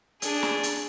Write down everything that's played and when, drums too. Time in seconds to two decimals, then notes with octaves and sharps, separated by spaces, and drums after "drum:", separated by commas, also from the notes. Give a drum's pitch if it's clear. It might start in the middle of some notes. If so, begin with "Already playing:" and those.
0.22 D4 G#4, drum: hi-hat
0.43 drum: snare
0.63 drum: hi-hat